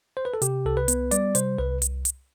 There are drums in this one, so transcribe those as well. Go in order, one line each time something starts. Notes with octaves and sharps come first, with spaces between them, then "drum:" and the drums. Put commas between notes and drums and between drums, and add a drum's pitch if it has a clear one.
C5
B4
A4
C3 G4, drum: hi-hat
C2 A4
B4
B3, drum: hi-hat
G3 D5, drum: hi-hat
C3 C5, drum: hi-hat
C2 B4
drum: hi-hat
drum: hi-hat